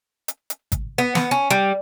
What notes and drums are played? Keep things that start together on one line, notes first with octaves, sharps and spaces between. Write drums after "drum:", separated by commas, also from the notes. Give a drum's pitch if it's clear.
drum: hi-hat
drum: hi-hat
drum: kick, hi-hat
B3
B3, drum: snare
C#4
G3